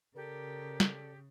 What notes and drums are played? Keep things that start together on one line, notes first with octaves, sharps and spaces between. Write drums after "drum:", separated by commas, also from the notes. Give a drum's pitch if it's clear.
C#3 G4 A4 A#4 D5
drum: snare